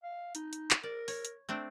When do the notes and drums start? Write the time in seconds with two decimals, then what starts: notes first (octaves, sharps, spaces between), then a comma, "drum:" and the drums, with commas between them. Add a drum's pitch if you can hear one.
0.03 F5
0.35 D#4, drum: hi-hat
0.53 drum: hi-hat
0.71 drum: clap
0.83 A#4 D5
1.08 C#5, drum: open hi-hat
1.25 drum: hi-hat
1.49 A3 C4 D4